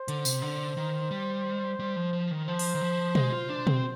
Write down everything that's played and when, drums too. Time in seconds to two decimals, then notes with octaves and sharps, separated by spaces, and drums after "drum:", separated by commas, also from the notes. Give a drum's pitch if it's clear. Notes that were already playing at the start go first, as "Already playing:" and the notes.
Already playing: C5
0.08 D3, drum: hi-hat
0.25 C3, drum: tambourine
0.42 D3
0.77 D#3
1.11 G3
1.79 G3
1.96 F3
2.13 F3
2.31 D#3
2.48 F3 C5
2.59 drum: open hi-hat
2.75 D#3
2.81 F3
3.15 G#3, drum: tom B2
3.33 F4
3.49 D4
3.67 C4, drum: tom B2